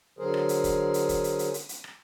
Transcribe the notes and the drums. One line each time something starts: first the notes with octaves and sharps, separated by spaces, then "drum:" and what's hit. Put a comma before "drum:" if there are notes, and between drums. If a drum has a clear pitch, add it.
D3 F#3 G#4 A#4 C5
drum: rim click
drum: hi-hat
drum: kick, hi-hat
drum: hi-hat
drum: kick, hi-hat
drum: hi-hat
drum: hi-hat
drum: hi-hat
drum: hi-hat
drum: rim click